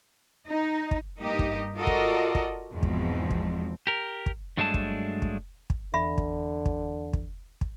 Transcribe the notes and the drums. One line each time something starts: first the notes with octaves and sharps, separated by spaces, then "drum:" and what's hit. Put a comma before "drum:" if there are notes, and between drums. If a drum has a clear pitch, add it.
D#4
drum: kick
G2 A#3 D#4 G4 D#5
drum: kick
F4 F#4 A4 A#4 D5 D#5
drum: kick
drum: kick
E2 G#2 B2 F3 C4
drum: kick
drum: kick
G4 A#4
drum: kick
G2 F#3 G#3 A3 D4 A5
drum: kick
drum: kick
drum: kick
E2 D3 E3 E5 B5
drum: kick
drum: kick
drum: kick
drum: kick